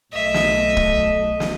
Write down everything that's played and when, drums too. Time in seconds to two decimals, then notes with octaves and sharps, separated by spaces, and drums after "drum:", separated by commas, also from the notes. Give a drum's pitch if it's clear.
0.13 B1 A3 D#5 E5
0.34 drum: snare
0.77 drum: kick
1.40 drum: snare